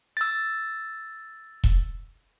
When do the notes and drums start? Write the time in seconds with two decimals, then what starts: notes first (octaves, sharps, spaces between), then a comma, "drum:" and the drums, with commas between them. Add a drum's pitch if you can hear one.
0.17 E6 A6
1.64 drum: kick E1